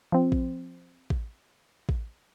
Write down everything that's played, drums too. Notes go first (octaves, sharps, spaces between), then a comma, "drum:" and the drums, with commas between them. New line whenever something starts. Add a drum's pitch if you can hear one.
F3 C4
drum: kick A1
drum: kick A1
drum: kick A1